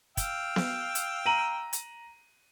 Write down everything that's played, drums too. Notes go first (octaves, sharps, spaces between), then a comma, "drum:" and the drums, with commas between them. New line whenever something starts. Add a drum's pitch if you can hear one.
F5 G5 E6, drum: kick, hi-hat
drum: snare B3
drum: hi-hat
A#5 D#7 F#7
drum: hi-hat